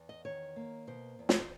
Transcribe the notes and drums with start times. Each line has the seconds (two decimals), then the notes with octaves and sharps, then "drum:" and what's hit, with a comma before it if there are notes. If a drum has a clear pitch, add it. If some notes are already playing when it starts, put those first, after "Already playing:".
Already playing: E2
0.09 D#5
0.25 D#3 C#5
0.56 A#3
0.87 B2 C5
1.19 E2
1.29 C#5, drum: snare
1.40 C5